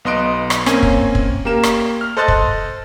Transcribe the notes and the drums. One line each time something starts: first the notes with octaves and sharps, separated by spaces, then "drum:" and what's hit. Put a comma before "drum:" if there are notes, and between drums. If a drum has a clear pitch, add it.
B1 B3 D#5 C6 F#6 D7
drum: rim click
A#3 C4 C#4 G#5 G#6, drum: rim click
drum: kick
drum: kick
A#3 G4 A#4 E7
drum: rim click
F6
A4 C5 D#5 C6 F#6 A6
drum: kick